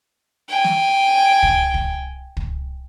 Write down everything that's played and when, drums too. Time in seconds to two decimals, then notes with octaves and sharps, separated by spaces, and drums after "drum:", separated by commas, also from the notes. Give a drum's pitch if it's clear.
0.49 G5 G#5
0.64 drum: snare
1.43 drum: kick
1.74 drum: kick
2.37 drum: kick